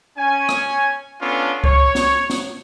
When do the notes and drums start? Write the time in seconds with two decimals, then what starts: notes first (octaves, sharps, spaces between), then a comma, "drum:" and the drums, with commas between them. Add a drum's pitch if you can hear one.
0.18 C#4 G#5
0.49 drum: rim click
1.21 B3 C#4 D4 F4 A4
1.64 C#5, drum: kick C#2
1.95 drum: snare
2.30 drum: snare